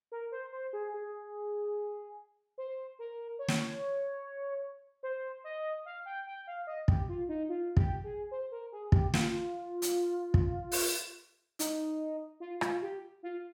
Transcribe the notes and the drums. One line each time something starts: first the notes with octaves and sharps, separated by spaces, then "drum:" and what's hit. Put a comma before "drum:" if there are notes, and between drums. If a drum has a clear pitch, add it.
A#4
C5
C5
G#4
G#4
C5
A#4
C#5
drum: snare
C5
D#5
F5
G5
G5
F5
D#5
G4, drum: kick
F4
D#4
F4
G4, drum: kick
G#4
C5
A#4
G#4
G4, drum: kick
F4, drum: snare
drum: hi-hat
drum: kick
drum: open hi-hat
D#4, drum: hi-hat
F4
F4, drum: rim click
G4
F4